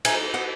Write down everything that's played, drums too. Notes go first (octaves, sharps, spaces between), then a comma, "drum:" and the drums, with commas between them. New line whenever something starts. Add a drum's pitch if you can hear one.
D#3 A3 D#4 E5 G#5, drum: cymbal
D#5 F#5